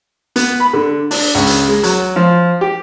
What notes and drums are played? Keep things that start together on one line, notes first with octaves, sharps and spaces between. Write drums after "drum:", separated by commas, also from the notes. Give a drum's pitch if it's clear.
B3, drum: hi-hat
B5
D3
D4, drum: open hi-hat
C#2
drum: hi-hat
G#3
F#3, drum: hi-hat
F3
G4